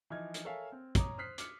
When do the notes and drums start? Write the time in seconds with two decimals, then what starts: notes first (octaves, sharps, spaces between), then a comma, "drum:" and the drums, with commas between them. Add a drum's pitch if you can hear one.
0.10 E3 F3 D#4 D#5 F6 G#6
0.34 drum: hi-hat
0.45 A4 A#4 C#5 E5 F5 G#5
0.72 C4
0.95 C#5 A#5 D6 D#6, drum: kick, hi-hat
1.18 C5 D#6 F6 F#6 B6 C7
1.38 D6 F6 C#7, drum: hi-hat